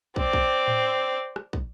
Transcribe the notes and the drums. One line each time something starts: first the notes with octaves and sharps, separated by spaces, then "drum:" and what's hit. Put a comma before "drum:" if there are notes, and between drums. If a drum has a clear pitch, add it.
C4 D5, drum: kick
drum: kick
drum: tom A2
drum: rim click
drum: kick